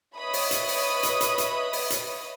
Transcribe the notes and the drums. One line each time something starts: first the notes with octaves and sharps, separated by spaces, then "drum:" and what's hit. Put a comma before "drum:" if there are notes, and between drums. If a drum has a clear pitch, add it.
B4 C#5 D#5 E5 B5 D#6
drum: open hi-hat
drum: hi-hat
drum: open hi-hat
drum: hi-hat
drum: hi-hat
drum: hi-hat
drum: open hi-hat
drum: hi-hat